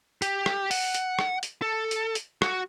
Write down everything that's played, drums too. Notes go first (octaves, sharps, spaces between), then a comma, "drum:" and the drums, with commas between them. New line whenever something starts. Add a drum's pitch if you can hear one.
G4, drum: hi-hat
drum: rim click
F#5, drum: open hi-hat
drum: hi-hat
drum: rim click
drum: hi-hat
A4
drum: hi-hat
drum: hi-hat
F#4, drum: rim click